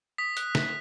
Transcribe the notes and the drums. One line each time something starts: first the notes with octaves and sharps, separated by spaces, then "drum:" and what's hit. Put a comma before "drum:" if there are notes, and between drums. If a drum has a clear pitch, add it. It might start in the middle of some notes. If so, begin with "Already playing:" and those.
D#6 B6
F#6, drum: hi-hat
D#6, drum: snare